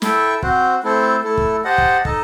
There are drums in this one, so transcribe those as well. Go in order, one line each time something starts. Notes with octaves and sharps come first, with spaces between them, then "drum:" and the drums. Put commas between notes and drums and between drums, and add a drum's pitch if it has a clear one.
E4 A4 E5 G5, drum: snare
C4 F#4 C5, drum: kick
A3 C4 E4 A4 C5
A3 E4 A4
drum: kick
G4 C5 D#5 F#5 A5
drum: kick
D#4 A4 D#5 A5, drum: kick